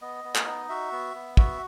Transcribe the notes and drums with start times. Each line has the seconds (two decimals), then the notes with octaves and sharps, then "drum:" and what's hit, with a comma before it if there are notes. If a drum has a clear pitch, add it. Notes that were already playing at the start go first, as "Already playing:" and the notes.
0.01 B3 D#5
0.24 B3
0.36 drum: clap
0.46 D#4
0.69 F#4 E5
0.92 B3
1.15 B3
1.37 F#4 E5, drum: kick